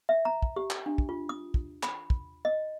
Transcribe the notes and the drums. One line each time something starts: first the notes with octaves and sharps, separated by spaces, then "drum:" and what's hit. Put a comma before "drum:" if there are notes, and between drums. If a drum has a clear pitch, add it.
E5
A#5
drum: kick
G4
drum: clap
D4
drum: kick
F4
D#6
drum: kick
B5, drum: clap
drum: kick
D#5